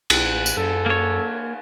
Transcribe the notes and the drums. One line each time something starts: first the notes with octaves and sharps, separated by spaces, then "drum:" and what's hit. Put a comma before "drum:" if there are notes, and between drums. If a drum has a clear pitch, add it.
B1 F#6, drum: cymbal
A1
drum: tambourine
F#2 A4
A#3 C#5